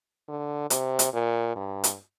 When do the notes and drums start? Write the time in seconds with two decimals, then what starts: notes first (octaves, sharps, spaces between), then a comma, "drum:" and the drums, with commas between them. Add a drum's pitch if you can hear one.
0.28 D3
0.70 C3, drum: hi-hat
0.99 drum: hi-hat
1.13 A#2
1.56 G2
1.84 drum: hi-hat